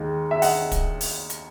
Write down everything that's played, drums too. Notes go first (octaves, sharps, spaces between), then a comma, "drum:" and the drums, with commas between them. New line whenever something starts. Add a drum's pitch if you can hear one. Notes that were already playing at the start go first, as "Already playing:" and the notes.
Already playing: D#2 D#3 G#3
E5
D#5 F#5, drum: open hi-hat
drum: kick, hi-hat
drum: open hi-hat
drum: hi-hat